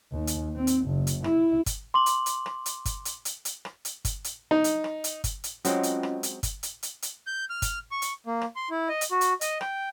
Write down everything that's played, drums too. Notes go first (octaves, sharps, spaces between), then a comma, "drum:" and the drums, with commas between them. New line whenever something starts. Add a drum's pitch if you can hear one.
D#2
drum: hi-hat
C4
drum: hi-hat
F#1
drum: hi-hat
E4, drum: rim click
drum: kick G1, hi-hat
C6 D6 F#7
drum: hi-hat
drum: hi-hat
drum: rim click
drum: hi-hat
drum: kick G1, hi-hat
drum: hi-hat
drum: hi-hat
drum: hi-hat
drum: rim click
drum: hi-hat
drum: kick G1, hi-hat
drum: hi-hat
D#4
drum: hi-hat
drum: rim click
drum: hi-hat
drum: kick G1, hi-hat
drum: hi-hat
F#3 G#3 C4 C#4 F4 D#5, drum: hi-hat
drum: hi-hat
drum: rim click
drum: hi-hat
drum: kick G1, hi-hat
drum: hi-hat
drum: hi-hat
drum: hi-hat
G6
F6
drum: kick G1, hi-hat
C#6
drum: hi-hat
A#3
drum: rim click
C6
E4
D#5
drum: hi-hat
F#4
drum: hi-hat
D#5, drum: hi-hat
G5, drum: rim click